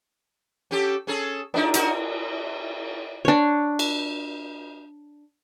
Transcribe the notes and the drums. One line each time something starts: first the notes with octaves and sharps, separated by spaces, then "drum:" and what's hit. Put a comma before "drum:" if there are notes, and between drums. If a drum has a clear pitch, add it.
C#4 G4 A4
C#4 G#4 A4
B3 D4 D#4, drum: cymbal
D#4 F#4 A#4, drum: hi-hat
D4 C#5
drum: cymbal